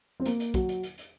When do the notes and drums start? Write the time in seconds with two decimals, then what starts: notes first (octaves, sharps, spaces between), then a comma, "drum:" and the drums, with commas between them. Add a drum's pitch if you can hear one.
0.20 C4
0.25 A#3, drum: hi-hat
0.40 drum: hi-hat
0.54 F#3, drum: kick, hi-hat
0.69 drum: hi-hat
0.83 drum: hi-hat
0.98 drum: hi-hat